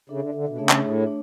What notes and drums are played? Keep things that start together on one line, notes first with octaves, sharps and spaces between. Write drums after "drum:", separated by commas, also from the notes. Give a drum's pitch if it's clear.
C#3 D4 A4 E5
D3
D3
B2
C#3 A3 D4 G#4 C#5 E5
drum: clap
A2
A3 D4 C#5